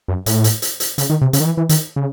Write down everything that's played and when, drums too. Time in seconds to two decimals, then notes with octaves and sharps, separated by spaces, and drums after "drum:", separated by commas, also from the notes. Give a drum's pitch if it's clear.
0.08 F#2
0.26 A2, drum: hi-hat
0.44 drum: hi-hat
0.62 drum: hi-hat
0.80 drum: hi-hat
0.98 C#3, drum: hi-hat
1.10 D#3
1.21 C3
1.33 C#3, drum: hi-hat
1.40 D#3
1.45 E3
1.57 E3
1.69 D#3, drum: hi-hat
1.96 C#3